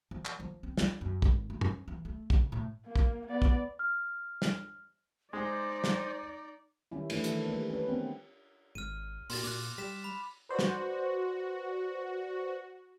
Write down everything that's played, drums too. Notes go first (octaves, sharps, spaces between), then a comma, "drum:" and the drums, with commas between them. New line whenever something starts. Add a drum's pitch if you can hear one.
F3
drum: clap
F3
C4
F4, drum: snare
F#2
G#1, drum: kick
A3
C#4, drum: tom
E3
A3
C#3, drum: kick
A2
A#3
drum: kick
B3 D5
drum: kick
F6
drum: snare
G#3 D#4 C5 D5
drum: snare
D#3 G3 C#4 E4
E3 A3 D4 E4, drum: cymbal
D#3 E3 A3, drum: hi-hat
G3 A3 A#3
C#4 B4
B3 C4 D4
G#1 F6 D#7
A#2 C6 A6, drum: open hi-hat
A#2 D6 F#6
G3 B6 E7
B5
F#4 B4 C5 D5
drum: snare